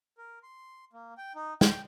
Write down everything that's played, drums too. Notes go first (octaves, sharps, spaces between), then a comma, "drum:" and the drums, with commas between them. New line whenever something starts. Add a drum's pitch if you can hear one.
A#4
C6
A#3
G5
D#4
G5, drum: snare